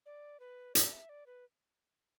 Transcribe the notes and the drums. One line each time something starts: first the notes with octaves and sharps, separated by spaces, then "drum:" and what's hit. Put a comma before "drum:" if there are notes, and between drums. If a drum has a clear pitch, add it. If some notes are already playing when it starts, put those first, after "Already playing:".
D5
B4
D5, drum: hi-hat
E5
D5
B4